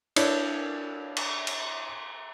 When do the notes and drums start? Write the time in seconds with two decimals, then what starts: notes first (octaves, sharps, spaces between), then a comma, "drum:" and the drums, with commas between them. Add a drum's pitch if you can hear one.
0.16 D4 E4 C#5 D5, drum: cymbal
1.17 drum: cymbal
1.47 drum: cymbal